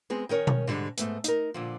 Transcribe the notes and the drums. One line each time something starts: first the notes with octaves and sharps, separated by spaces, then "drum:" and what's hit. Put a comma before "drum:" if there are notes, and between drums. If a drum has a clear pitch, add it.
G#3 B3 C4 G#4
D#3 C#4 A#4 C#5
drum: tom B2
G#2 D3 G3
G#2 A3 B3, drum: hi-hat
D#4 A#4, drum: hi-hat
A#2 D3 F3